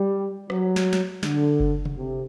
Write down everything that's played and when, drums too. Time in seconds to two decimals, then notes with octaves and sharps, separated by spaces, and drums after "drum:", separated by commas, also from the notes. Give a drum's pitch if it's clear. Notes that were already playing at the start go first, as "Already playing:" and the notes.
Already playing: G3
0.50 F#3, drum: rim click
0.76 drum: snare
0.93 drum: snare
1.23 D3, drum: snare
1.60 drum: kick F#1
1.85 drum: tom C3
1.98 C3